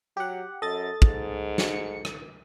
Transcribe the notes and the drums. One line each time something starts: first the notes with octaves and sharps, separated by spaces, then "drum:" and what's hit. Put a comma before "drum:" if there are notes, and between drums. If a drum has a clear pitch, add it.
F#3 G4 F#5
F#2 A4 D#5 A6
G#2, drum: kick
C#7, drum: snare
drum: rim click